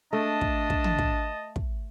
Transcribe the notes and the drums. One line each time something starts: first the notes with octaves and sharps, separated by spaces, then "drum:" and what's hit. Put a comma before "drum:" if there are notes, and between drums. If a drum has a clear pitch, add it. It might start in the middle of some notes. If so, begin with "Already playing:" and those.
A3 D4 D#5 A5
drum: kick
drum: kick
drum: tom
drum: kick
drum: kick